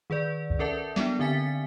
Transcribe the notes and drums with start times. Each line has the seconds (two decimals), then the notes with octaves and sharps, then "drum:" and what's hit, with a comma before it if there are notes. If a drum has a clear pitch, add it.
0.10 D#3 G#4 B4 D5
0.50 drum: kick C2
0.59 C#4 A4 A#4 D5 E5 A5
0.96 B3 D4, drum: snare
1.19 D3 C4 E5 G#5 A6 B6